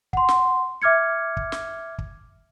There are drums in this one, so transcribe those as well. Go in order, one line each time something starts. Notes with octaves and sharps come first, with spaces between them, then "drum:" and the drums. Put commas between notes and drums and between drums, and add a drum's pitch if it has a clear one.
F#5 C6, drum: kick
drum: snare
E5 D6 F6 G#6 C#7
drum: kick
drum: snare
drum: kick